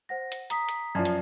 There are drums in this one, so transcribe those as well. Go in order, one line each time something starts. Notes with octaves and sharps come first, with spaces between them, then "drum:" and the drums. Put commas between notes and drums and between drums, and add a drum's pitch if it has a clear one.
C5 F#5 A#6
drum: hi-hat
A#5 D#6 B6, drum: hi-hat
drum: hi-hat
F#2 F3 D5 A5 G#6
drum: hi-hat